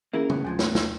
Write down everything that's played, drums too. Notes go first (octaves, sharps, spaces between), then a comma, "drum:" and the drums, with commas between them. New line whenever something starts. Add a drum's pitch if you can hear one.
E3 A#3 C#4 E4 G#4 A#4
A2 B3, drum: tom
D#2 C3 F3 G#3 G#5
A2 A3 B3, drum: snare
D#2, drum: snare